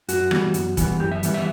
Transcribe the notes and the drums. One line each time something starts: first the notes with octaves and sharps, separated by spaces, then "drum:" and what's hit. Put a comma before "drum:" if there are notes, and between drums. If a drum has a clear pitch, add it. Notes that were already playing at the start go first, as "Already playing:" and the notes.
F#2 F#4, drum: hi-hat
E3 G3 B3, drum: rim click
F#2, drum: hi-hat
E3 G3 B3, drum: kick, hi-hat
F#2 G4
E5
E3 G3 B3, drum: hi-hat
E5